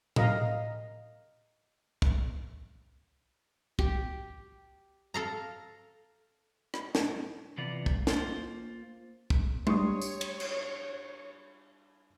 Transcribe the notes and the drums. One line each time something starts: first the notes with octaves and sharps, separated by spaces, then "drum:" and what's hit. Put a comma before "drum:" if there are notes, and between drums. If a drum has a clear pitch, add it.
A#4 D#5 F5 A#5, drum: tom A2
drum: kick
G4, drum: kick
A4 F5 A#5
drum: rim click
drum: snare
C3 E3 B3 F4 D5
drum: kick
A#3 F4 C5, drum: snare
drum: kick
G3 D4 G4 C#5 C6 C#6 D#6, drum: tom G#3
drum: tambourine
drum: cymbal
drum: cymbal